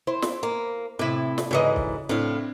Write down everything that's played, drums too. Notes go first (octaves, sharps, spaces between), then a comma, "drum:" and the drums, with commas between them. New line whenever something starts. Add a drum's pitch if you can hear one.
E4 C5
drum: snare
A#3
A2 C3 E4 D6 B6
drum: snare
G#2 C#3 E3 F#4 A4 D5 D#5
drum: kick
A2 C4 D4 E4 F5